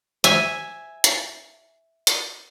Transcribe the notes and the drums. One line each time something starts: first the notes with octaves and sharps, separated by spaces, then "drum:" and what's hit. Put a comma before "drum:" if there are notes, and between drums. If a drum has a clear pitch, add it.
E5 G#5, drum: hi-hat
drum: hi-hat
drum: hi-hat